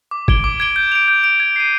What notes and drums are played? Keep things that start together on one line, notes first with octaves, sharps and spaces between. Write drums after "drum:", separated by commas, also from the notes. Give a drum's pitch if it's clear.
D6
G#6 D7 G7, drum: kick F#1
D6
G#6 D7 G7
G6
D7 F7
G6
D7 F7
G#6
C7 D#7